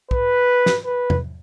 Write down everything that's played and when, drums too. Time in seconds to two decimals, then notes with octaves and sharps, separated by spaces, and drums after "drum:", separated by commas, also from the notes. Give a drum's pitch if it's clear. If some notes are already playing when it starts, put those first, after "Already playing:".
0.11 B4, drum: kick
0.66 drum: snare
0.85 B4
1.10 drum: tom E2